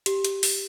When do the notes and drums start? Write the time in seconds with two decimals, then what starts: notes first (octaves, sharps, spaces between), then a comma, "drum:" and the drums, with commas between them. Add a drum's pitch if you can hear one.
0.06 G4, drum: hi-hat
0.24 drum: hi-hat
0.43 drum: open hi-hat